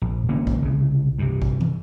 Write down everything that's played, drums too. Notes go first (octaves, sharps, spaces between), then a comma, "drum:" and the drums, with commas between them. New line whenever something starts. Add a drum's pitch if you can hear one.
A#1
E1 D3 A#3 C#4
drum: kick
C2 C#3
G2 C3
drum: kick
drum: tom